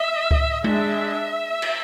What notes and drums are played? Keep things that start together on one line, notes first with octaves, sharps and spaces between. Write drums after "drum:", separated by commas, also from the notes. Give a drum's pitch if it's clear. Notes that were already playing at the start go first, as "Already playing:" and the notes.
Already playing: E5
drum: kick C#2
G#3 D4 E5, drum: tom G#3
drum: cymbal